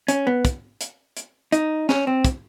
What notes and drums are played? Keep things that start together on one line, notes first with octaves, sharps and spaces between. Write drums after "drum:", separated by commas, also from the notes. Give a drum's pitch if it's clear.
C#4, drum: hi-hat
B3
drum: kick, hi-hat
drum: hi-hat
drum: hi-hat
D#4, drum: hi-hat
C#4, drum: snare
C4
drum: kick, hi-hat